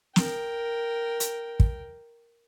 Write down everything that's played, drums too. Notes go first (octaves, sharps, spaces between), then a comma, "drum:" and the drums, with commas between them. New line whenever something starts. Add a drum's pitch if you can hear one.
A#4 G5, drum: snare
drum: hi-hat
drum: kick